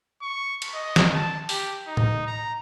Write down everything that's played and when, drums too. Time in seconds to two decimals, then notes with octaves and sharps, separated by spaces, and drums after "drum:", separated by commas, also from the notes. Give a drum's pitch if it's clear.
0.22 C#6
0.62 drum: cymbal
0.74 D#5
0.96 drum: snare
1.14 A5
1.49 G4, drum: open hi-hat
1.88 D#4
1.97 drum: tom A2
2.27 A#5